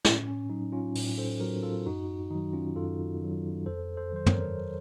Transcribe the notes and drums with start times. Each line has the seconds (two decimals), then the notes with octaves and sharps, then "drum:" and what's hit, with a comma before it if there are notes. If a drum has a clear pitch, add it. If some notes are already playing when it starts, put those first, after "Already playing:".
0.05 A2 C#4, drum: snare
0.28 C#4
0.50 F#3 D#4
0.72 C#4 F4
0.95 A2, drum: open hi-hat
1.18 A4 C5
1.40 F#3 F#4 A#4
1.63 F4 A4
1.86 F#2 D#4 F#4
2.30 D#3 F#3 D#4
2.53 C#4 F4
2.76 F#2 F4 A4
3.21 D#3 F#3
3.66 F2 A4 C5
3.97 A4 C5
4.12 D#3 F#3 C5
4.26 A#4 C#5, drum: tom